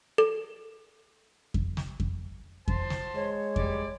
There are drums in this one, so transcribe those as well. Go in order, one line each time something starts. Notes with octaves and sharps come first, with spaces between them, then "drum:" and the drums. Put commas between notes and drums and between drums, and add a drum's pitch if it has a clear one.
A4
drum: kick F2
drum: snare
drum: kick F2
C5 A5 C6, drum: kick F2
drum: snare
G#3 C#5
G3 D5 D6, drum: kick F2